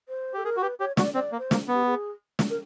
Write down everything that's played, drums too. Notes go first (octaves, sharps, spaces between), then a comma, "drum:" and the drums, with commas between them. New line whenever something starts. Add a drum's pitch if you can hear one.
C5
G4 A4
G#4 A#4
F#4
G4 B4
G4 C#5
F#4 D5, drum: snare
C4 D5
A#3
C5
A#3, drum: snare
B3
G4
G#4
drum: snare
A#4